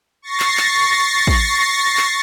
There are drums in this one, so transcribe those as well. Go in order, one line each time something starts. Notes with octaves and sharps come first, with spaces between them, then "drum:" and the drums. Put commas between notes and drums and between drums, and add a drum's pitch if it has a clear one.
C#6 A6 A#6 C7
drum: clap
drum: clap
drum: kick
drum: clap